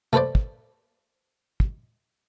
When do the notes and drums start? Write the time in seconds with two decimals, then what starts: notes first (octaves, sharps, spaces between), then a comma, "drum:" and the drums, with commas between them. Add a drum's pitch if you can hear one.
0.13 A3 A4 B4 C5 D5, drum: tom C3
0.35 drum: kick
1.60 drum: kick